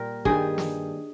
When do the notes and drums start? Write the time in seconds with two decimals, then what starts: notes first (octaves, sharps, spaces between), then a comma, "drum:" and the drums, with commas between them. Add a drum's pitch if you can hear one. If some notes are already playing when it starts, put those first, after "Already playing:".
Already playing: A#2 G3 A#4
0.25 G2 D#3 G3 G#4, drum: kick
0.58 drum: snare